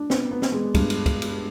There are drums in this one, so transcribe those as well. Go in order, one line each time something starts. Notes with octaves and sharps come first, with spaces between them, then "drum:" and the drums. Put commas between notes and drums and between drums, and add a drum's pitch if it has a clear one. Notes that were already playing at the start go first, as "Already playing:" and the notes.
Already playing: D4
B3, drum: snare
B3
drum: snare
G#3
G2, drum: kick, cymbal
drum: cymbal
drum: kick, cymbal
drum: cymbal